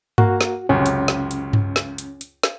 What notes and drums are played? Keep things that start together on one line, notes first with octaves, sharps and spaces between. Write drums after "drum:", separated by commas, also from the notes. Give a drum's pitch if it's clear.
A#3 F#4, drum: tom G2
drum: snare
C#2 F#2 C3 C#4
drum: hi-hat
drum: snare
drum: hi-hat
drum: tom G2
drum: snare
drum: hi-hat
drum: hi-hat
drum: snare